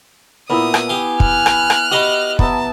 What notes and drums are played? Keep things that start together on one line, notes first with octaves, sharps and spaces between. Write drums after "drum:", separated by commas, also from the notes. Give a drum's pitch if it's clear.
A#2 B3 E4 D#6 E6
drum: rim click
G4 F5 G#5
F6 F#6, drum: kick
drum: rim click
drum: rim click
F#4 G4 D#5 F5 G5 B5
B3 E5 A5 A#5, drum: kick